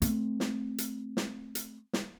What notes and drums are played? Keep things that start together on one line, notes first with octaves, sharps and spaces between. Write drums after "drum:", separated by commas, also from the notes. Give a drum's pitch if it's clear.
A3 C4, drum: hi-hat
drum: snare
drum: hi-hat
drum: snare
drum: hi-hat
drum: snare